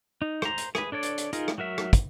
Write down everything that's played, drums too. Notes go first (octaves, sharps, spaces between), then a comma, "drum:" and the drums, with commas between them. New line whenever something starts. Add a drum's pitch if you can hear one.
D#4
C5 A#5, drum: rim click
drum: hi-hat
G#4 B4, drum: rim click
D4 A4 C#5 D5
drum: hi-hat
drum: hi-hat
D#4 F4 G#4 A#4, drum: hi-hat
drum: rim click
F#3 F#4 A#4 E5
drum: rim click
drum: kick, hi-hat